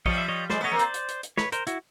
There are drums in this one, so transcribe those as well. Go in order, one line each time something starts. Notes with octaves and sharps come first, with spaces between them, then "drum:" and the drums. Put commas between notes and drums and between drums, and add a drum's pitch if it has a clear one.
F3 G3 C#5 D#5, drum: kick A#1
E5
C#5 D#5
F#3 G#3 C5 D5, drum: snare
A3 B3 C#5 D#5
A#3 C4
C5 D5, drum: hi-hat
drum: hi-hat
drum: hi-hat
drum: hi-hat
B4 C#5, drum: snare
A#4 C5, drum: hi-hat
E4 F#4, drum: hi-hat